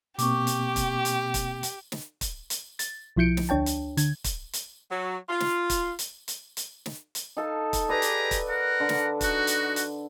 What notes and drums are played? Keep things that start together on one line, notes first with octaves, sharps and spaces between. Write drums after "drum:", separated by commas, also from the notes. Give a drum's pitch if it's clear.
B2 A#3 C4 G4 C#6 D6, drum: hi-hat
drum: hi-hat
drum: kick, hi-hat
drum: hi-hat
drum: kick, hi-hat
drum: hi-hat
drum: snare
drum: kick, hi-hat
drum: hi-hat
A6, drum: hi-hat
B1 F3 E4 G6 C#7 D7
drum: snare
D2 D4 C#5 G5 A5
drum: hi-hat
D3 G#6, drum: hi-hat
drum: kick, hi-hat
drum: hi-hat
F#3
F4
drum: snare
drum: kick, hi-hat
drum: hi-hat
drum: hi-hat
drum: hi-hat
drum: snare
drum: hi-hat
D#4 A4 F5
drum: kick, hi-hat
G4 G#4 B4 D5 A#5
drum: hi-hat
drum: kick, hi-hat
A#4 F#5
D3
drum: snare
D#4 F#4, drum: kick, hi-hat
drum: hi-hat
drum: hi-hat